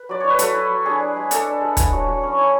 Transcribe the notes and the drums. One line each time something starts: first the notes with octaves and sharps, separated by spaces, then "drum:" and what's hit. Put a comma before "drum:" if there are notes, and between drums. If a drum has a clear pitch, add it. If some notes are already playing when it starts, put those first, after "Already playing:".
Already playing: B4
F#3 D5
E4 C#5
B4
F#3 A4, drum: hi-hat
E4
F#3
D4 G#4
D4
G#3
D4 A4, drum: hi-hat
D4
G#3
E4, drum: kick, hi-hat
F#3
F#3
C#4
E4